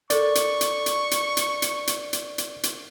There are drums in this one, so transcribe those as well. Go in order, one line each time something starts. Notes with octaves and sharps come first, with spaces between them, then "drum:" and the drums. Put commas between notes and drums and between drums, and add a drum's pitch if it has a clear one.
A4 A#4 D5 C#6, drum: hi-hat
drum: hi-hat
drum: hi-hat
drum: hi-hat
drum: hi-hat
drum: hi-hat
drum: hi-hat
drum: hi-hat
drum: hi-hat
drum: hi-hat
drum: hi-hat